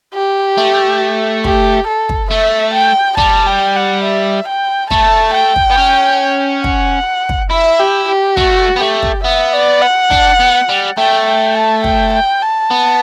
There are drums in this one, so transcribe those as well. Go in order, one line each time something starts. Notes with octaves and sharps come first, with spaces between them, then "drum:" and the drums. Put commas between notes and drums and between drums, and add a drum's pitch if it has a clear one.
G4
A3
G4, drum: kick
A4
drum: kick
A3 E5
G5
G3 A5, drum: kick
G5
F#5
E5
G5
A3 A5, drum: kick
G5
drum: kick
B3
C#4
F#5, drum: kick
drum: kick
E4 E5
G4
G4
A3 F#4, drum: kick
B3
A3 G4
drum: kick
B3 E5
D5
F#5
D4, drum: kick
B3
G3
A3 G5
G5
A5
G5, drum: kick
G5
A5
B3